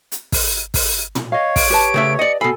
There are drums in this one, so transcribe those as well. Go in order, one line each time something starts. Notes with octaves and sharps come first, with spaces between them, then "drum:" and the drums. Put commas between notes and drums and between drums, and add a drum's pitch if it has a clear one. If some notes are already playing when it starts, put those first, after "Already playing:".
drum: hi-hat
drum: kick, open hi-hat
drum: kick, open hi-hat
drum: tom
C#5 D#5 F5
D7, drum: kick, open hi-hat
G4 B4 A5
C#3 A3 E5
D5 D#5 C#7
B2 A4 G#5 B5 C7